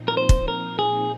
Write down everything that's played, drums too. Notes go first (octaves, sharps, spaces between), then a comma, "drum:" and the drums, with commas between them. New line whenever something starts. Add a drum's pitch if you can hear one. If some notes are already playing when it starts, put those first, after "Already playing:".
Already playing: A#2 F3 C4 D#4
A#4
C5
drum: kick
A#4
G#4